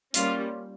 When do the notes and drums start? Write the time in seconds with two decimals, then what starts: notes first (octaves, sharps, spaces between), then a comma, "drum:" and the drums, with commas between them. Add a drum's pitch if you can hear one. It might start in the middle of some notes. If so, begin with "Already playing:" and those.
0.14 G3 A#3 C#4 F4, drum: hi-hat